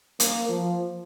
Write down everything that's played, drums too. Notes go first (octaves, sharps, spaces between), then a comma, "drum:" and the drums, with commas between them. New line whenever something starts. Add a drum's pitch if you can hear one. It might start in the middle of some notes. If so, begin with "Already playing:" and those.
A#3, drum: hi-hat
F3